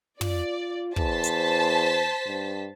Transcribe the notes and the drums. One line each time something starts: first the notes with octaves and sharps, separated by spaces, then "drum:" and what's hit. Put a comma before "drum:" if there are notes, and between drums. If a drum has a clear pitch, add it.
F4 D5, drum: tom
E2 C5 A5 B6, drum: kick
drum: hi-hat
G2